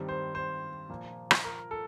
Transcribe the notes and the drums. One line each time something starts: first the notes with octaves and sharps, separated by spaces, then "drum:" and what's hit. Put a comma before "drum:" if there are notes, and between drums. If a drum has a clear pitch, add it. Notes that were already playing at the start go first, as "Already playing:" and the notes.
Already playing: G2 D#3 G3 C4
C5
C5
A#2 F3 A#3
drum: rim click
A#4
A4